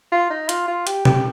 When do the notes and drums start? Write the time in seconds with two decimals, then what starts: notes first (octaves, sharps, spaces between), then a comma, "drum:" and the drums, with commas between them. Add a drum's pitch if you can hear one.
0.12 F4
0.30 D#4
0.49 F4, drum: hi-hat
0.68 F4
0.87 G4, drum: hi-hat
1.05 G4, drum: tom